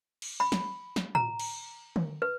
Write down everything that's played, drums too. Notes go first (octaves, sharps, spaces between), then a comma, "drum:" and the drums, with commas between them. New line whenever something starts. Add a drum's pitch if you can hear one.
drum: cymbal
B5
drum: snare
drum: snare
A#5, drum: tom
drum: cymbal
drum: tom D3
B4